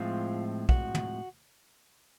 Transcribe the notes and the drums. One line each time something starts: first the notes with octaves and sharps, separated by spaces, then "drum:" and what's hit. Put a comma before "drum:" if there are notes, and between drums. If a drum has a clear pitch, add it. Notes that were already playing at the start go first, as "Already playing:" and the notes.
Already playing: A2 F3 G#3 C4 F4
F#4, drum: kick
drum: tom